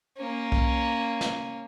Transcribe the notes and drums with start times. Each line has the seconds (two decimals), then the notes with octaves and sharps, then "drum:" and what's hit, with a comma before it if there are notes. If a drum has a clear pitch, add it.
0.18 A#3 C#4
0.52 drum: kick B1
1.21 drum: snare